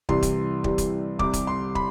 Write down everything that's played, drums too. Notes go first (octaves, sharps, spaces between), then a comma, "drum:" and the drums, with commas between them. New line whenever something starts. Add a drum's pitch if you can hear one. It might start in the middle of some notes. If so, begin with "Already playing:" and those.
C2 C3 E3 G3 C6, drum: kick
drum: kick, hi-hat
C2 C3 E3 G3, drum: kick
drum: kick, hi-hat
C2 C3 G3 D6, drum: kick
drum: kick, hi-hat
C6
B5, drum: kick